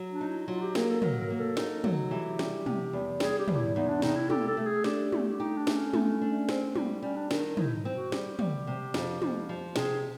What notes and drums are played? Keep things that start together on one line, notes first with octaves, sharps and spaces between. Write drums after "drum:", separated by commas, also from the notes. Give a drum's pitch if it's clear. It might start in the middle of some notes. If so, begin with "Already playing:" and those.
Already playing: F#3
D4
D#4
E4
F#3 F4
G4
A#3 G#4, drum: snare
A4
F#3 A#4, drum: tom
A#4
A#3
A4
D#4, drum: snare
F#3, drum: tom
E3 G4
G3, drum: snare
C3, drum: tom
E2
G3 G#4, drum: snare
G4
E2, drum: tom
E4
E2 D#4
D4
C3 D#4, drum: snare
E4
G4 A4, drum: tom
A4
A3
G#4
D4 G4, drum: snare
A3, drum: tom
D#4 G4
D4
A3, drum: snare
C#4
A3, drum: tom
D4
C4, drum: snare
G3, drum: tom
G3 C#4
D4
D#3 D4, drum: snare
D#4 E4, drum: tom
C4
F#4
G3 G4, drum: snare
G3, drum: tom
C3
F2, drum: snare
F2, drum: tom
F3
C3 G#4, drum: snare